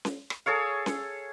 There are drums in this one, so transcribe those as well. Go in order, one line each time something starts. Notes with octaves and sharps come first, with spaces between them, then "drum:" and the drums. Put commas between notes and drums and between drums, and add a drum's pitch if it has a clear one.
drum: snare C#4
drum: rim click
G#4 A4 C#5 F5
drum: snare C#4